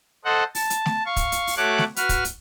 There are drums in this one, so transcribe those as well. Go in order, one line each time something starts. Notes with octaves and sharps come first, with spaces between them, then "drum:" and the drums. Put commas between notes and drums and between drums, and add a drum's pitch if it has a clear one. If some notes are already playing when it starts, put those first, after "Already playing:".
A4 C5 D#5 F#5
A5, drum: open hi-hat
drum: hi-hat
drum: snare A3
F5 C#6
drum: kick, hi-hat
drum: hi-hat
drum: open hi-hat
A3 F#4 C#5 D6 F#6
drum: snare A3
F#4 B4 F6, drum: hi-hat
drum: kick, hi-hat
drum: hi-hat